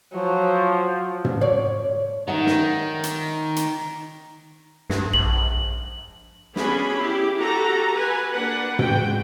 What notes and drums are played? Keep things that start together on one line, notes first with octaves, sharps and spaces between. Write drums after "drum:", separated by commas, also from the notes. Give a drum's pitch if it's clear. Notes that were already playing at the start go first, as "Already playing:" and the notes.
F3 F#3
drum: tom
C#5 D5
D#3 D#4 E5 F#5
drum: snare
drum: hi-hat
drum: hi-hat
G2, drum: snare
A#1 F#7
B3 C#4 D4 F#4 G#4 B5, drum: snare
E4 G4
F#4 G4 A4 A#5
B4 G#5
A#3 D4 B4 F#5
G#3 F#4 G5, drum: tom